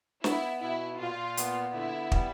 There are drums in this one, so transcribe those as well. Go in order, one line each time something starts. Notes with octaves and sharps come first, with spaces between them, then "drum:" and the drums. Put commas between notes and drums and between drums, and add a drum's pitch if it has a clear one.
B3 E4, drum: snare
B2 E4
A#2 F4
B3, drum: hi-hat
D3 E4
G3, drum: kick